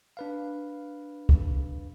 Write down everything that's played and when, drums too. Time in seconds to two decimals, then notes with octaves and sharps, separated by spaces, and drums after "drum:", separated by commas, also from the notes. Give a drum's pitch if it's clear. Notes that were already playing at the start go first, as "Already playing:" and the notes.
0.17 D4 B4 F5
1.29 drum: kick